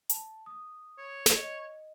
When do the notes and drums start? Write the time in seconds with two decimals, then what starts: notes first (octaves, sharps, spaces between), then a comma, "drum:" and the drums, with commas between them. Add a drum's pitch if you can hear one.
0.09 A5, drum: hi-hat
0.46 D#6
0.98 C#5
1.26 drum: snare
1.36 D#5